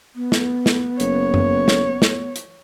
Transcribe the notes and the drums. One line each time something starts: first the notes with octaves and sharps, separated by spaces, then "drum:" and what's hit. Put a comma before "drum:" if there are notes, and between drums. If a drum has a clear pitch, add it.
B3
drum: snare
drum: snare
F#1 C#5, drum: hi-hat
drum: tom F#2
drum: snare
drum: snare
drum: hi-hat